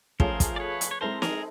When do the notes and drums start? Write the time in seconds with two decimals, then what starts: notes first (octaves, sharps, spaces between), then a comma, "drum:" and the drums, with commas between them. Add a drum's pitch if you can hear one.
0.20 F3 A3 C#4 F4 G#4 A#4 C5, drum: kick
0.40 drum: kick, hi-hat
0.56 D5
0.60 B4 C#5
0.81 drum: hi-hat
0.91 C#5
1.01 G#3 C4 E4 A4 A#4 C5
1.22 G#4 A#4, drum: snare